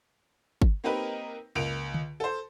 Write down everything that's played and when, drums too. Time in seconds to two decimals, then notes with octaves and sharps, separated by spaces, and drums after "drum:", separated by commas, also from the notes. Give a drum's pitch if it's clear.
0.62 drum: kick G1
0.84 A#3 C4 D#4 G4 A#4 B4
1.55 C#2 A#3 D7 F7
1.94 drum: tom D3
2.20 A4 C5